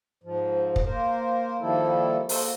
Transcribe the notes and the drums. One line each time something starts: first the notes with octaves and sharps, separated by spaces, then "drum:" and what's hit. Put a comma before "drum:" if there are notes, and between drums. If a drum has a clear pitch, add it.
G#2 F3
drum: kick
A#3 A#4 C5
D#3 F3 G3 A#3 E4 A4
A#3 F#4 A4 C5, drum: open hi-hat